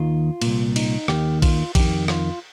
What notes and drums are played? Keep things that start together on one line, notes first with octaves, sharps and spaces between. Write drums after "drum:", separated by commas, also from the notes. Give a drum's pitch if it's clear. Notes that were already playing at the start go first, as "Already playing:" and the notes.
Already playing: D#2 D#3 F4
A#2, drum: cymbal
C2
D#4, drum: cymbal
D#2 D#3 G4, drum: rim click
F4, drum: kick A#1, cymbal
F2 D#3 G4, drum: kick A#1, cymbal
F4, drum: rim click